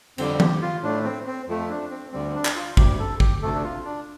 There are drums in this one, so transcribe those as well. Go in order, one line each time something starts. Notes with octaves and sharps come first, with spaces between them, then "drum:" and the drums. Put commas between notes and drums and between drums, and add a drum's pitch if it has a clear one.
F2 D3 G3 C4, drum: cymbal
G4, drum: tom D#3
F4
A2 A3 D4
C4
C4
F2 F3 A3
D4
C4
D2 D3 G3 C4
D4
drum: clap
F4
D2 C3 G3 G4, drum: kick
A4
G4, drum: kick
D2 C3 A3 A4
D4
F4
D4